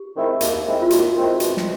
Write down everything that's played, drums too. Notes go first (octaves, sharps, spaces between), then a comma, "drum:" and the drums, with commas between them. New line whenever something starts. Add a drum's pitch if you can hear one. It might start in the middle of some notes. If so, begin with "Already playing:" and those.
Already playing: G4
D#3 G#3 C4 E4
D#2, drum: hi-hat
D#3 G#3 C4 E4
F4
D#2 F#4, drum: hi-hat
D#3 G#3 C4 E4
B2, drum: hi-hat
drum: snare